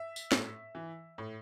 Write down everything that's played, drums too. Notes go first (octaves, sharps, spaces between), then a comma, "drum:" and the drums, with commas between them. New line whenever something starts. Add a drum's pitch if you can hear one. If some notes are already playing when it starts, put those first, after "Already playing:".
Already playing: E5
drum: tambourine
A2, drum: snare
E3
A2